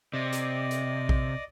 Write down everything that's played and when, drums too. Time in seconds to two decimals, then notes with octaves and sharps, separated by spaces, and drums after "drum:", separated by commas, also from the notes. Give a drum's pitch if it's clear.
0.14 C3 D5 D#5
0.33 drum: hi-hat
0.71 drum: hi-hat
1.09 drum: kick A#1